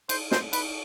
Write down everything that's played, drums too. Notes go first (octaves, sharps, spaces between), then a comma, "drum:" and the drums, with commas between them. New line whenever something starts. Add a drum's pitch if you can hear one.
C5, drum: cymbal
C5, drum: snare
B4, drum: cymbal